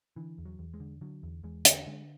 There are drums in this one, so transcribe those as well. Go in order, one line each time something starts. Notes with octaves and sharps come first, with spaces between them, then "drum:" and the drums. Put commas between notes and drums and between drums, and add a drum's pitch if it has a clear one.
D3 E3
E2
F#3
E2
G#3
D3
D3 F#3
E2
E2 G#3
D3, drum: hi-hat
D3 G#3